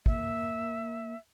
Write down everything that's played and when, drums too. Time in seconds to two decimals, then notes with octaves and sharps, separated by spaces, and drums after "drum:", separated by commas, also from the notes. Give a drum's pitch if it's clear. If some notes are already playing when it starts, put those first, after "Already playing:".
0.06 A#3 E5, drum: kick